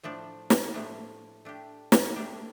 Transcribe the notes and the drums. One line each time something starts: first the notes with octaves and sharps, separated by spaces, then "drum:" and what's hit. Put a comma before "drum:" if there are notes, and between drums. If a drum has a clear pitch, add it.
A2 F3 A3 D4
drum: snare
A2 F3 A3 D4
A3 D4 G4
drum: snare
A3 D4 G4